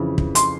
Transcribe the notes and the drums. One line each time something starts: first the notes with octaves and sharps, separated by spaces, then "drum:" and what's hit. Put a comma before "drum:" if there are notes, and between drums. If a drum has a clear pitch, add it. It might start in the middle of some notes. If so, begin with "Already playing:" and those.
Already playing: F2 C#3 E3
drum: kick
C6, drum: hi-hat